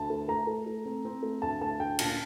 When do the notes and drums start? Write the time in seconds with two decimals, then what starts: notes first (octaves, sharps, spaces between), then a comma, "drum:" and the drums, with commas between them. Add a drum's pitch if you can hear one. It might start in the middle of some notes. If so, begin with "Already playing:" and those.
Already playing: D2 A5
0.10 A3
0.28 A3 A#5
0.47 A3
0.66 A3
0.86 C4
1.05 C4
1.23 A3
1.42 D2 A5
1.61 A3 A5
1.79 D2 G5
1.99 A#2 A5, drum: cymbal